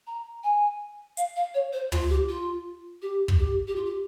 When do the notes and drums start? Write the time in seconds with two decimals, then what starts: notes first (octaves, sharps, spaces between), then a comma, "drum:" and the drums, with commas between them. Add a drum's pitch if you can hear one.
0.07 A#5
0.44 G#5
1.17 F5, drum: hi-hat
1.36 F5
1.54 C#5
1.73 C5
1.92 F4, drum: tom
2.10 G4
2.29 F4
3.02 G4
3.28 drum: kick
3.39 G4
3.68 G4
3.76 F4
3.85 G4